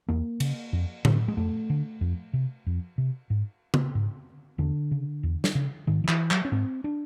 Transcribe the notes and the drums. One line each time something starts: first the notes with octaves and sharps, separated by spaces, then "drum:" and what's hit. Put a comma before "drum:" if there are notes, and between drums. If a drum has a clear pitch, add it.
E2 A#3
C#3, drum: cymbal
F2
D3, drum: tom A2
G#3
F2 A3
D3
F2
C3
F2
C3
G#2
drum: tom C#3
G#2
E2 D3
C#3
E2
drum: snare
C#3
G#2 D#3
D#3
E3, drum: clap
F#3, drum: clap
C#4
G#2 C4
D4